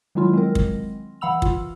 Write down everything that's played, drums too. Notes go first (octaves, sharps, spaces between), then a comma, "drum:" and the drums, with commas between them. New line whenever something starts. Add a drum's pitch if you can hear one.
D#3 F#3 G#3 E4 F4
G#3 C4 A#4
drum: kick
E3 F5 F#5 B5 E6 F7
F4, drum: kick